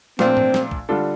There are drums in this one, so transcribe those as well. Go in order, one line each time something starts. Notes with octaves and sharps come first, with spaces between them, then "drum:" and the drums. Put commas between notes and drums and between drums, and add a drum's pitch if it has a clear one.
A#2 F3 A3 C4 D4 F4, drum: snare
drum: tom G#2
drum: snare
drum: kick
D3 G3 D4 F4 A4